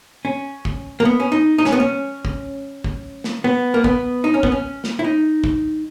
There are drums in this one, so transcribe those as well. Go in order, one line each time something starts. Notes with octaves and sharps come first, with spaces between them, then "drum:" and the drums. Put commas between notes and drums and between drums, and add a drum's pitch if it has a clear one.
C#4
drum: kick
A#3
B3
C#4
D#4
D#4
C#4, drum: snare
B3
C#4
drum: kick
drum: kick
drum: snare
B3
A#3
B3, drum: kick
D#4
C#4
B3, drum: kick
C#4
drum: snare
E4
D#4
drum: kick